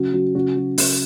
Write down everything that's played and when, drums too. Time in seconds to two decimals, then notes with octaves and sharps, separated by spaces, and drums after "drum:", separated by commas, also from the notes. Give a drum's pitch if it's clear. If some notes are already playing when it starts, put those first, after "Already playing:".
Already playing: C#3 F#3 F#4
0.13 F#3
0.35 C#3 F#4
0.56 F#3
0.78 C#3, drum: open hi-hat